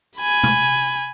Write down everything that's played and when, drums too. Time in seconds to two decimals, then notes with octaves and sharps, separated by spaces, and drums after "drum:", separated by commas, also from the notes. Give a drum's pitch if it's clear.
0.18 G#5 B5
0.44 drum: tom C3